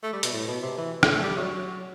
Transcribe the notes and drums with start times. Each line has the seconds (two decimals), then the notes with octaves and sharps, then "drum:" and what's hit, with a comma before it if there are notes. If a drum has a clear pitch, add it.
0.03 A3
0.13 G3
0.23 B2, drum: hi-hat
0.33 A2
0.48 B2
0.62 C3
0.78 E3
1.03 D3, drum: rim click
1.13 A3
1.23 G3
1.37 F#3